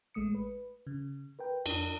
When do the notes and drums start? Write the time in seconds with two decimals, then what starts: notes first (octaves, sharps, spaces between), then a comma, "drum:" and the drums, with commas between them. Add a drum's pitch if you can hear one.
0.14 A1 G#3 A3 D#6 C#7
0.35 B4
0.87 C#3
1.39 A#4 B4 G5
1.66 F2 D4 A#4, drum: cymbal